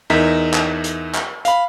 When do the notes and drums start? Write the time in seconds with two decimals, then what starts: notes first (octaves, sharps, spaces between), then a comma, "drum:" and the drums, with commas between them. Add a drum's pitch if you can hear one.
0.10 E2 D#4 A#4 E5 B6
0.54 drum: clap
0.84 drum: hi-hat
1.15 drum: clap
1.45 F5 B5, drum: hi-hat